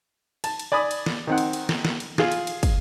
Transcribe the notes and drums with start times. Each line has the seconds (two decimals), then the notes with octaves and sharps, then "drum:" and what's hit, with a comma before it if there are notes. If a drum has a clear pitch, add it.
0.44 A5, drum: cymbal
0.59 drum: cymbal
0.72 D5 G#5 B5 D#6
0.91 drum: cymbal
1.06 drum: snare
1.27 D#3 C4 F#5
1.38 drum: cymbal
1.53 drum: cymbal
1.69 drum: snare
1.85 drum: snare
2.00 drum: cymbal
2.18 F4 G#4 F5, drum: snare
2.32 drum: cymbal
2.47 drum: cymbal
2.63 drum: kick, cymbal